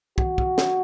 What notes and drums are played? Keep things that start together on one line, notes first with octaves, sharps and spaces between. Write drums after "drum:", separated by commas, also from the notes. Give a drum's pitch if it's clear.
F#4, drum: kick
drum: kick
drum: snare